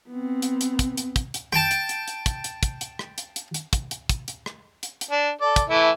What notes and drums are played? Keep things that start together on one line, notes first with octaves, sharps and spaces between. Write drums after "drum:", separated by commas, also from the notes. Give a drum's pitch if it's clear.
B3 C4
drum: hi-hat
drum: hi-hat
drum: kick, hi-hat
drum: hi-hat
drum: kick, hi-hat
drum: hi-hat
G5 A5, drum: rim click
drum: hi-hat
drum: hi-hat
drum: hi-hat
drum: kick, hi-hat
drum: hi-hat
drum: kick, hi-hat
drum: hi-hat
drum: rim click
drum: hi-hat
drum: hi-hat
drum: hi-hat
drum: kick, hi-hat
drum: hi-hat
drum: kick, hi-hat
drum: hi-hat
drum: rim click
drum: hi-hat
drum: hi-hat
D4
A4 D5
drum: kick, hi-hat
E3 A3 E4